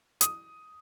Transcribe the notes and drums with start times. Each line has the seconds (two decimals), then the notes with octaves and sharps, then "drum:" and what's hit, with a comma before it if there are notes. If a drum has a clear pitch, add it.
0.21 D#6, drum: hi-hat